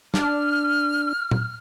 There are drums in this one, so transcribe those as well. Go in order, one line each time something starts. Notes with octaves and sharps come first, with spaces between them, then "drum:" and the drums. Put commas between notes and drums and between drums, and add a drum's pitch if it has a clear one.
D4 F6, drum: snare
drum: tom A#2